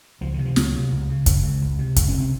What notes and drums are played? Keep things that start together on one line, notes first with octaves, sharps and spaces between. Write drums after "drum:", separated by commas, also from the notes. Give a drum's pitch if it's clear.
C#2 F3
D#3
C3
F3
C#2 F#3, drum: snare
C3
C#2
C#3
C#2 G#3, drum: kick, hi-hat
C#3
C#2
C3
C#2, drum: kick, hi-hat
C#4
C3
C4